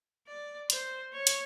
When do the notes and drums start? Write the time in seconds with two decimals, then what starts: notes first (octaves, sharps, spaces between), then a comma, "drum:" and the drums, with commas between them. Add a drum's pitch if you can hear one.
0.27 D5
0.70 C5, drum: hi-hat
1.13 C#5
1.27 drum: hi-hat